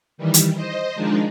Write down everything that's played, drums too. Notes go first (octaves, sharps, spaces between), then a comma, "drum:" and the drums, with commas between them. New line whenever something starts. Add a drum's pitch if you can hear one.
D#3 E3 G3
drum: hi-hat
C5 D#5
D#3 F3 G#3 D4 D#4